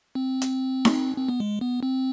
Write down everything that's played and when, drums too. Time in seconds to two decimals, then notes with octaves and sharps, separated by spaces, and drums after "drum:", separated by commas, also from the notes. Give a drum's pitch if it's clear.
0.15 C4
0.42 drum: hi-hat
0.85 drum: snare D#4
1.17 C4
1.29 B3
1.40 G#3
1.61 B3
1.83 C4